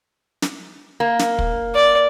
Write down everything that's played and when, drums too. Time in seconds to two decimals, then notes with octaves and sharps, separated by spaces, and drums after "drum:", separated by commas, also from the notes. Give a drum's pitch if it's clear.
0.42 drum: snare
1.00 A#3
1.19 drum: snare
1.39 drum: kick
1.75 D5